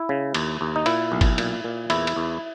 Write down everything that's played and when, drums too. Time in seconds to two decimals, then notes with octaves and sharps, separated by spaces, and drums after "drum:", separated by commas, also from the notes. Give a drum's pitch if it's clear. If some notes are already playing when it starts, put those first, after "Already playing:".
Already playing: E4
0.09 C#3
0.34 D#2, drum: cymbal
0.61 D#2
0.76 D#4
0.86 A#2 E4, drum: cymbal
1.12 B1
1.21 drum: kick G1, cymbal
1.38 A#2, drum: cymbal
1.64 A#2
1.90 E2 E4, drum: cymbal
2.07 drum: cymbal
2.17 E2